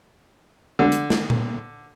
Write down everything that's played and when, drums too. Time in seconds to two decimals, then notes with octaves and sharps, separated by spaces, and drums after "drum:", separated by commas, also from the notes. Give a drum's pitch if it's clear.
0.79 D3
0.92 drum: hi-hat
1.10 drum: snare
1.30 drum: tom A#2